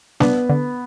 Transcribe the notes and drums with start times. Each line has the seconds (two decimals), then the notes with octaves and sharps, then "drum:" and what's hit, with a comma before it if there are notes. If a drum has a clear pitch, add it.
0.20 B3 D4, drum: snare
0.49 D3